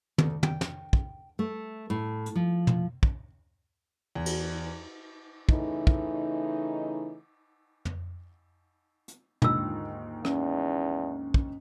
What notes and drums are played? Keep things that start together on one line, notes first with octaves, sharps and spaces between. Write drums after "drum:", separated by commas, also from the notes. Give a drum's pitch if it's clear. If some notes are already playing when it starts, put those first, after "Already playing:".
D2, drum: tom
G5, drum: tom
drum: snare
drum: kick
A3
A2
drum: hi-hat
F3
drum: tom
drum: kick
E2
drum: cymbal
C#3 E3 A3 D#4, drum: kick
drum: kick
drum: tom
drum: hi-hat
D#2 G#2 D3 F4 E6, drum: tom
E2 C#4, drum: rim click
drum: kick